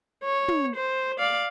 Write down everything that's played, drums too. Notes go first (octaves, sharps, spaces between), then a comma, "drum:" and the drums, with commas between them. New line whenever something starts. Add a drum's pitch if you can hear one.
C#5
drum: tom
C5
D5 F5